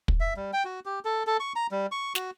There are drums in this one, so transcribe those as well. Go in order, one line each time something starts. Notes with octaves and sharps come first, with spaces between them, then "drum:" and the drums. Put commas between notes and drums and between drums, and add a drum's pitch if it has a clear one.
drum: kick
E5
G3
G5
F#4
G4
A4
A4
C#6
A#5
G3
C#6
F#4, drum: snare